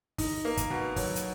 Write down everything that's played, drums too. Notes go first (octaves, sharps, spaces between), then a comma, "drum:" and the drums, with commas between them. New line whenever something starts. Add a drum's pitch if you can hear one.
D#4, drum: kick, open hi-hat
A#3
drum: kick, hi-hat
B2
F#3, drum: kick, open hi-hat
drum: hi-hat